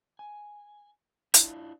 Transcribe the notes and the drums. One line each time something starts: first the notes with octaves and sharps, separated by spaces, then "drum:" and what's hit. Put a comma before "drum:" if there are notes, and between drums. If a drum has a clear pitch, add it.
G#5
D4 E4 F4, drum: hi-hat